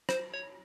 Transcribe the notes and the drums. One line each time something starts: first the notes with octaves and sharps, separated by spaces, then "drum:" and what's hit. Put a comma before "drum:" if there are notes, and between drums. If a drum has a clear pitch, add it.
C5, drum: rim click
C#5